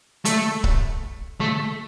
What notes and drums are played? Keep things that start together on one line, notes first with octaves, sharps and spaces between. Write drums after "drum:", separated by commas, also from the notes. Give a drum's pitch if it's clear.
A3, drum: hi-hat
drum: kick C#1
A3